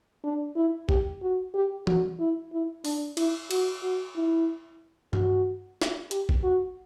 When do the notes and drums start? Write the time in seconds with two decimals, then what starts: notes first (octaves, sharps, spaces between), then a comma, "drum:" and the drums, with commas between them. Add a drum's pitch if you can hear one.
0.24 D4
0.56 E4
0.89 G4, drum: kick A1
1.22 F#4
1.54 G4
1.87 F#4, drum: tom E3
2.20 E4
2.52 E4
2.85 D4, drum: open hi-hat
3.17 E4, drum: cymbal
3.51 F#4, drum: cymbal
3.83 F#4
4.16 E4
5.13 F#4, drum: tom G2
5.82 drum: snare
6.11 G4, drum: hi-hat
6.29 drum: kick A1
6.43 F#4